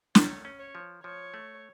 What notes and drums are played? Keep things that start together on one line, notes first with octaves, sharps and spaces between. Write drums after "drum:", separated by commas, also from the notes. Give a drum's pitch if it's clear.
A3 C#5, drum: snare
C#4
C#5
F3
F3 C#5
A3